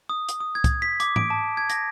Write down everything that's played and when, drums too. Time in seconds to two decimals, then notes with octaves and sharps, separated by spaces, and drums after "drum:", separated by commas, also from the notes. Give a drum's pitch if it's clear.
0.09 D#6
0.29 drum: hi-hat
0.40 D#6
0.55 G#6
0.64 drum: kick, hi-hat
0.82 B6
1.00 D6, drum: hi-hat
1.16 D7, drum: tom
1.30 A5
1.57 G#6
1.70 A#6, drum: hi-hat